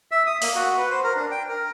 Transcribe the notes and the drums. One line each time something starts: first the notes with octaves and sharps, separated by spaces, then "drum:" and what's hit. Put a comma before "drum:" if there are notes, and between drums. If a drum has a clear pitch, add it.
E5
D#6
A#3, drum: open hi-hat
F#4
B4
C5
A#4
D4
G5
A#4